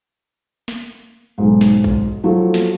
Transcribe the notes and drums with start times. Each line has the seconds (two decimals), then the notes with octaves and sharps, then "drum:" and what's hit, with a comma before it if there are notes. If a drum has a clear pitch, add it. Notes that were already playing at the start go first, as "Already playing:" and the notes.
0.68 drum: snare
1.38 B1 G#2
1.61 drum: snare
1.84 drum: kick A#1
2.23 F3 F#3 A3
2.54 drum: snare